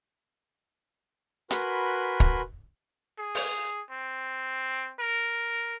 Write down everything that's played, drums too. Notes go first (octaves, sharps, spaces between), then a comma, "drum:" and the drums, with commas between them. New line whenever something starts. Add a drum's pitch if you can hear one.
F#4 A#4 B4 G#5 B5 C6, drum: hi-hat
drum: kick
G#4
drum: open hi-hat
C4
A#4